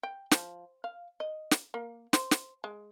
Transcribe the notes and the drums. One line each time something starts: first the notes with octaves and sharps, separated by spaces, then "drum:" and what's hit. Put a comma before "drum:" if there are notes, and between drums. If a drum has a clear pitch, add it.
G5
F3, drum: snare
F5
D#5
drum: snare
A#3
C5, drum: snare
drum: snare
G#3